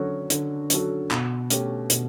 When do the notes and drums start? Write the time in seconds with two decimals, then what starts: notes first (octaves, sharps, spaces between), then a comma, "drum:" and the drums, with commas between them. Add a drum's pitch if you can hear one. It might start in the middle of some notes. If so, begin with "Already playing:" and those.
Already playing: D3 F#3 C#4 F#4 A4
0.30 D3, drum: hi-hat
0.70 F#3 C#4 F#4 A4, drum: hi-hat
1.11 B2, drum: clap
1.50 A3 C#4 G4, drum: hi-hat
1.90 B2, drum: hi-hat